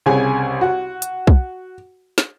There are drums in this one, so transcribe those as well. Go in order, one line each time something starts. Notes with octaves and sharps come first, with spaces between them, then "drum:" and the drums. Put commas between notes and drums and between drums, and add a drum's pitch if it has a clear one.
C2 C#3 C#4 G#5
F#4
drum: hi-hat
drum: kick B1
drum: snare